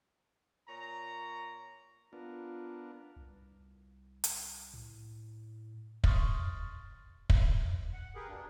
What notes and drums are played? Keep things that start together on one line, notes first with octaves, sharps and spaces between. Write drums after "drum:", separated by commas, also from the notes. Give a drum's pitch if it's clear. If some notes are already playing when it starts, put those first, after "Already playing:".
A#2 C#5 A#5
B3 D4 F4 A#4
C2
drum: hi-hat
A2
C6 C#6 D#6 F6 A6, drum: kick
drum: kick
F#5
G4 G#4 A#4 B4
B2 A#3 D4